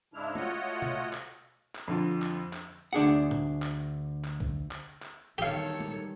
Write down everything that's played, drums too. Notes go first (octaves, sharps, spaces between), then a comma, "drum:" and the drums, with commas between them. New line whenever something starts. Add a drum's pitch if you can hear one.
G#2 C#3 G#3 D4 E4 F6
A3 F4 F#4 C#5 D#5 F#5, drum: tom G#3
drum: tom B2
drum: clap
drum: clap
F2 D3 F4
drum: clap
drum: clap
D2 D4 G#4 F#5
drum: tom A2
drum: clap
drum: clap
drum: kick B1
drum: clap
drum: clap
E2 D#3 G3 G4 A4 C#5 F5
drum: tom G#3